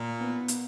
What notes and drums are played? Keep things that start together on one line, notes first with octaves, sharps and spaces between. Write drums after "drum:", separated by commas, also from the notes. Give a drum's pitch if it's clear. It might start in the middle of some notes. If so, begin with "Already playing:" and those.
Already playing: A#2
B3
drum: hi-hat